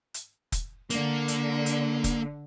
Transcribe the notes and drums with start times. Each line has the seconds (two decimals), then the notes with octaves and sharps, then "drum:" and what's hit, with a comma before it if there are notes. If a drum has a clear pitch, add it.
0.14 drum: hi-hat
0.52 drum: kick, hi-hat
0.90 D3 A#3, drum: hi-hat
1.28 drum: hi-hat
1.66 drum: hi-hat
2.04 drum: kick, hi-hat